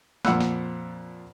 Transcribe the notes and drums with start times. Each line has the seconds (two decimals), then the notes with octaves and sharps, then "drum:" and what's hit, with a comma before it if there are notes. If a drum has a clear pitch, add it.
0.25 F2 A#2 F#5 B5 E6 F#6, drum: snare
0.41 drum: snare